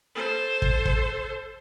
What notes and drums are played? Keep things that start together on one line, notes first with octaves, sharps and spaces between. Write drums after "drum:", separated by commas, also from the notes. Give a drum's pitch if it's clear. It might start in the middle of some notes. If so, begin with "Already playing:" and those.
A4 C5
drum: kick
drum: kick